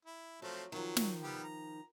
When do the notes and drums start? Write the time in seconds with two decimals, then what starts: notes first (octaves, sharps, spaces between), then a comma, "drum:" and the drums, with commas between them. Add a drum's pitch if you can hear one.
0.05 E4
0.42 F3 F#3 A3 C4
0.72 D#3 F3 F#3
0.96 drum: snare
1.23 G3 B3 G4
1.44 A#5